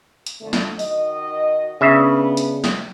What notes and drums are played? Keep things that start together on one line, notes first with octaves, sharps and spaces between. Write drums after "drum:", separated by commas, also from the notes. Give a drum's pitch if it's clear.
drum: hi-hat
F2 D3 A3
drum: snare
D#3 F#4 D#5, drum: open hi-hat
C#3 B3 C#4 D4 E5
drum: hi-hat
drum: snare